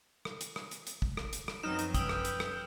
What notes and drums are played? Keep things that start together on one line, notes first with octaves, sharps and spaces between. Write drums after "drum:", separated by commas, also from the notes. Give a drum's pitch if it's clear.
drum: rim click
drum: hi-hat
drum: rim click
drum: hi-hat
drum: hi-hat
drum: kick
drum: rim click
drum: hi-hat
drum: rim click
F#2 F3 F#3 B3 C4 D#4 F6 E7
drum: hi-hat
C#4 B4 G5 D#6 E6, drum: kick, hi-hat
drum: rim click
drum: hi-hat
drum: rim click